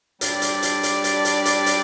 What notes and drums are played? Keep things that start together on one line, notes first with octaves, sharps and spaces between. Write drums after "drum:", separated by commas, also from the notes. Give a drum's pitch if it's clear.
G3 D4 G4 D5, drum: hi-hat
drum: hi-hat
drum: hi-hat
drum: hi-hat
drum: hi-hat
drum: hi-hat
drum: hi-hat
drum: hi-hat